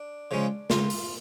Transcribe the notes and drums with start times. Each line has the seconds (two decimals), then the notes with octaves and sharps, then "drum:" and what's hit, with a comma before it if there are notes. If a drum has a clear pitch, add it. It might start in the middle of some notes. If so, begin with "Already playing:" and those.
Already playing: D4
0.31 C#3 F3 G#3 C#4
0.70 C#2 F4, drum: snare
0.90 drum: open hi-hat